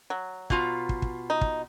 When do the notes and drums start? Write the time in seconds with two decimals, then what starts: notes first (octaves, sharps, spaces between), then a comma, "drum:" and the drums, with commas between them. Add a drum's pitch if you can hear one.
0.10 F#3
0.50 B2 F4 A#5, drum: kick
0.89 drum: kick
1.02 drum: kick
1.30 D#4
1.41 drum: kick